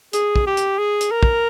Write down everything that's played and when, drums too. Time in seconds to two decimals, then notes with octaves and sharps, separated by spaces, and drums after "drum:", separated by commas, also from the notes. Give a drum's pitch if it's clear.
0.13 G#4, drum: hi-hat
0.36 drum: kick
0.47 G4
0.57 drum: hi-hat
0.78 G#4
1.01 drum: hi-hat
1.11 A#4
1.23 drum: kick